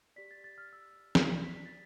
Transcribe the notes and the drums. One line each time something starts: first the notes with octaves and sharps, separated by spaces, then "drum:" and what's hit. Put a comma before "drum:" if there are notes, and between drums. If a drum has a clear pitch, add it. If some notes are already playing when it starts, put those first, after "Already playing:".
G4 D5 B6
A6
A6
F6
E6
drum: snare
G4 D5
B6
B6
A6